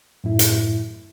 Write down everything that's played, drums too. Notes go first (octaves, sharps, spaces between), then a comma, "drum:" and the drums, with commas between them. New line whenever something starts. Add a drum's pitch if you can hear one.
F#2 A2 E4
drum: hi-hat